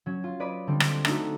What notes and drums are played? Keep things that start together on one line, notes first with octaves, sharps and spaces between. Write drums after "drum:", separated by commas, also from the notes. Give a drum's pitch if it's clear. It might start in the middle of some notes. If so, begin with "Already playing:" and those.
F#3 C#4
F4
B4 D5 D#5 B5
D3 G3 C4
D7, drum: rim click
A3 D4 D#4 F#4, drum: rim click